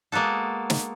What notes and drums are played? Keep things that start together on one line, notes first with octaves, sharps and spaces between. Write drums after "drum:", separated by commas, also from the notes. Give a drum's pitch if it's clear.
G#3 A#3 B3 F#4 A4
drum: snare